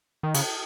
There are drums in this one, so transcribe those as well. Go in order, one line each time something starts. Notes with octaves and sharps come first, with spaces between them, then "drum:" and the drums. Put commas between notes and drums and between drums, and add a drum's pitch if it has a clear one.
D#3
C#3, drum: cymbal